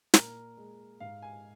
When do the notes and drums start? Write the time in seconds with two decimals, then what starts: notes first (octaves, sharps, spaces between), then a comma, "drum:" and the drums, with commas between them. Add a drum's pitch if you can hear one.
0.14 A#2 A#4, drum: snare
0.57 G#3
1.00 G#2 F5
1.22 G#5